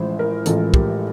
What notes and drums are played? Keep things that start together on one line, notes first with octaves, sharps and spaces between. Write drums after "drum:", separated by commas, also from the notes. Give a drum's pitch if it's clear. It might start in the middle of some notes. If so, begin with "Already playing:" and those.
Already playing: A1 A2 F3 G#3 C5
A#4
A1 A2 F3 G#3 A4, drum: hi-hat
G4, drum: kick